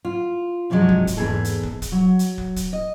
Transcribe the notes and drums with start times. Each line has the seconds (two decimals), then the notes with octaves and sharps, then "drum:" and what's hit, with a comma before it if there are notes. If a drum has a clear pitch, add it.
0.05 F4
0.70 G2 C3 F3 F#3 G#3
0.89 drum: kick
1.07 drum: kick, hi-hat
1.17 E2 G#2 C#3 B3 G#4 A4
1.45 drum: hi-hat
1.63 drum: kick
1.82 drum: kick, hi-hat
1.92 F#3
2.19 drum: hi-hat
2.38 drum: kick
2.56 drum: kick, hi-hat
2.73 D#5